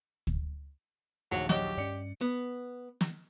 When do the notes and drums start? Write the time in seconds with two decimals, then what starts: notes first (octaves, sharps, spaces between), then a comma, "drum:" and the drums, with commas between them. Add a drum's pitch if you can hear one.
0.27 drum: kick
1.31 A#1 D#2 F#3
1.49 F#3 G4 C#5 D#5 F#5, drum: snare
1.77 G2 C#4 D5 C#7
2.21 B3
3.01 drum: snare